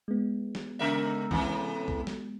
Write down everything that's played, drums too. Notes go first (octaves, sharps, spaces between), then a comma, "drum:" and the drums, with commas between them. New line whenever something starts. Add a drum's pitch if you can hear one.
G#3 B3
drum: snare
C#3 A#4 E5
A2 C3 E3, drum: kick
drum: kick
drum: snare